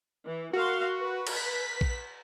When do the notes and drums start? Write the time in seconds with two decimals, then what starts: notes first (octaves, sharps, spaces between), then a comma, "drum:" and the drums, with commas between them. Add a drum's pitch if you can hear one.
0.25 E3
0.53 F#4 A#4 F5 C6
1.00 B4
1.27 drum: cymbal
1.37 B6
1.81 drum: kick A#1